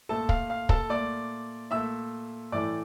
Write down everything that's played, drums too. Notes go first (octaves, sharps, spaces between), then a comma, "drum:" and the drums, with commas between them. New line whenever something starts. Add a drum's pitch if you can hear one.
A#2 A3 A4 A5
F5, drum: kick
F5
A4 A5, drum: kick
A#2 A3 D5 D6
A#2 A3 E5 E6
A2 E3 A3 D5 D6